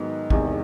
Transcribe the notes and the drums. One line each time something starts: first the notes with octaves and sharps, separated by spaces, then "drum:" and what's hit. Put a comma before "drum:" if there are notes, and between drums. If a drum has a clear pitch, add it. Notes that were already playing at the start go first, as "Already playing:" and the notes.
Already playing: G#2 D#3 F#3 B3
E1 E2 C3 D#3, drum: kick